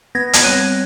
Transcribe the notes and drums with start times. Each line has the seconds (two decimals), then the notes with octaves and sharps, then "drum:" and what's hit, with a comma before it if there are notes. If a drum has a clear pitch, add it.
0.15 B3 G#6 A#6
0.33 drum: hi-hat
0.43 G3 C4 C#5 F#6 D#7